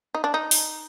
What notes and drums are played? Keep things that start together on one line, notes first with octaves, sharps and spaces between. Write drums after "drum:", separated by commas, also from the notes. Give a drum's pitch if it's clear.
D#4
D4
D#4
drum: open hi-hat